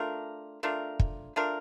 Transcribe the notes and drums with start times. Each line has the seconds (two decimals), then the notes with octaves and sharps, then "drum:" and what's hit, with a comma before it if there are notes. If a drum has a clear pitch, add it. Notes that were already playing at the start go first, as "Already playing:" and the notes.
Already playing: A3 D4 F4 A#4
0.63 A3 D4 F4 A#4
0.99 drum: kick
1.36 A3 D4 F4 A#4